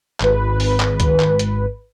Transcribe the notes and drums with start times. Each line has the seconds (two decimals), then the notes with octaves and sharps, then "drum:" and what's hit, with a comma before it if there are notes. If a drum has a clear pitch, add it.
0.20 G#1 B4, drum: clap
0.60 drum: open hi-hat
0.80 drum: clap
1.00 drum: kick C#2, hi-hat
1.20 drum: clap
1.39 drum: hi-hat